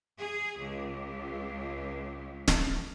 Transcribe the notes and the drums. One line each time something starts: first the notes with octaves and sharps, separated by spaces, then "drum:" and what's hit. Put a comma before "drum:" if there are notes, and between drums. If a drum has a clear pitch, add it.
G#4
C#2
drum: snare